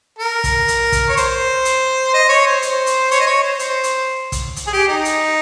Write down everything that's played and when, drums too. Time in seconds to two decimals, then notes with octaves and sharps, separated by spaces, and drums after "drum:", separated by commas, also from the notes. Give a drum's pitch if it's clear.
0.19 A#4
0.44 drum: kick, hi-hat
0.68 drum: hi-hat
0.92 drum: kick, hi-hat
1.09 C#5
1.17 C5, drum: hi-hat
1.65 drum: hi-hat
2.14 D#5
2.29 C#5
2.47 C5
2.62 drum: hi-hat
2.86 drum: hi-hat
3.11 C#5, drum: hi-hat
3.20 D#5
3.27 C#5
3.44 C5
3.59 drum: hi-hat
3.84 drum: hi-hat
4.32 drum: kick, hi-hat
4.56 drum: hi-hat
4.67 G#4
4.73 G4
4.88 D#4
5.05 drum: hi-hat